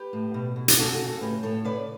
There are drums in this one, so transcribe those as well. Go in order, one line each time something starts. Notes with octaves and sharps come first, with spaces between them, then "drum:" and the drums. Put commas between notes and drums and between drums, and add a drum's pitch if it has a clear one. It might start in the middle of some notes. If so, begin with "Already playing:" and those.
Already playing: G4 B4
A2
B2
B2
drum: hi-hat
C#3 F#4 A4
F#4 A4
C#3
F#4 A4
A2 G4 B4
A2 A4 C#5
C#3 B4 D5